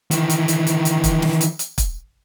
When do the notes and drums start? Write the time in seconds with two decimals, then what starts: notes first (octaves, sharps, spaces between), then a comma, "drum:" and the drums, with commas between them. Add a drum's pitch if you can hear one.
0.11 D#3 E3, drum: hi-hat
0.30 drum: hi-hat
0.48 drum: hi-hat
0.67 drum: hi-hat
0.85 drum: hi-hat
1.04 drum: kick, hi-hat
1.22 drum: snare
1.41 drum: hi-hat
1.59 drum: hi-hat
1.78 drum: kick, hi-hat